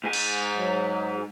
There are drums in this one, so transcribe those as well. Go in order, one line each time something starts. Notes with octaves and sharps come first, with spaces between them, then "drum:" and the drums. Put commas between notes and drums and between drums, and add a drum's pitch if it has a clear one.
G#2 G#5
drum: cymbal
F#3